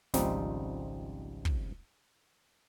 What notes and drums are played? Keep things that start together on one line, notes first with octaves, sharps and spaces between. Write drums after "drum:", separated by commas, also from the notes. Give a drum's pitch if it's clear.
G#1 C#2 F3 G3 C4 D#4, drum: snare
drum: kick